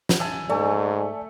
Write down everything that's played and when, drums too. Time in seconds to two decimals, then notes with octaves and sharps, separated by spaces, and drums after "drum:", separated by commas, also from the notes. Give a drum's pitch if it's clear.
0.09 drum: snare
0.20 E5 G#5 A5
0.50 G#2 A3 D5 G#5